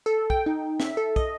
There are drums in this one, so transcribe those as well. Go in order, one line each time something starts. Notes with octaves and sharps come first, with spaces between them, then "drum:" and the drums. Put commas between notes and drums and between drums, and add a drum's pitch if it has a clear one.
A4
G5, drum: kick
D#4
E5, drum: snare
A4
D#5, drum: kick